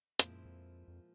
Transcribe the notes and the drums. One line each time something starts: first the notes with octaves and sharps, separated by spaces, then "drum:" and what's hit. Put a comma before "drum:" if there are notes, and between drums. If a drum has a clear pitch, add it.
F2 A#2 F3 G#3 C4 E4, drum: hi-hat
F#2
F2
F2